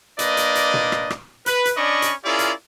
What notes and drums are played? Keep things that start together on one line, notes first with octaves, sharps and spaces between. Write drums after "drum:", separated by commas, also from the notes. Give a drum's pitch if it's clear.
A#3 D4 B4 D5 D#5, drum: hi-hat
drum: hi-hat
drum: hi-hat
drum: tom
drum: rim click
drum: rim click
B4, drum: hi-hat
drum: hi-hat
C#4 D4 D5 D#5 B5 C#6
drum: hi-hat
C#4 E4 F4 G#4 A#4 D5
drum: hi-hat